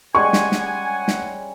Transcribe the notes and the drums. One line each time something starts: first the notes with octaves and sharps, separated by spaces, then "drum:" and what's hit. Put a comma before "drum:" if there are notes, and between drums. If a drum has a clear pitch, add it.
G3 G#3 C#4 F#5 G#5 C#6
drum: snare
drum: snare
drum: snare